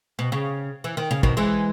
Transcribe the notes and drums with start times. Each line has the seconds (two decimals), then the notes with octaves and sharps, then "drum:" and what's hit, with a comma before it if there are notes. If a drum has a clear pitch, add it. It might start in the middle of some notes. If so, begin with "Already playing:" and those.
0.19 B2
0.32 C#3
0.84 E3
0.97 D#3
1.11 C#3
1.23 B2 D#3, drum: kick A1
1.37 E3 G#3